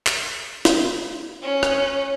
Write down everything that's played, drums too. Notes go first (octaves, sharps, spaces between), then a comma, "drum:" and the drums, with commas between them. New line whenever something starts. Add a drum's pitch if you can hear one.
drum: clap
drum: snare
C#4
drum: rim click